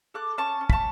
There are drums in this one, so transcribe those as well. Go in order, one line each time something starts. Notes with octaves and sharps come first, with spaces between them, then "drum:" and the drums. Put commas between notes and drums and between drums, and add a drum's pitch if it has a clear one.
A4 D6 F#6
C#4 A5 C#6
C#4
B5, drum: kick
A5 C#6